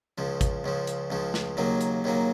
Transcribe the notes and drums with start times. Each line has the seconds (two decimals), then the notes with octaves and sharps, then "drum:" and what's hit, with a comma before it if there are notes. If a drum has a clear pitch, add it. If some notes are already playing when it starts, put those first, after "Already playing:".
0.18 C#2 C#3 F3
0.41 drum: kick, hi-hat
0.64 C#2 C#3 F3
0.87 drum: hi-hat
1.10 C#2 C#3 F3
1.34 drum: snare
1.57 D#2 C#3 F#3 A#3
1.81 drum: hi-hat
2.04 D#2 C#3 F#3 A#3